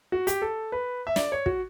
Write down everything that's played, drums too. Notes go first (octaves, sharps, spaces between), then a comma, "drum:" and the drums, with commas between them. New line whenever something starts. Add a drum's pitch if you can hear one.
F#4
G4, drum: hi-hat
A4
B4
E5
D5, drum: snare
C#5
F#4, drum: kick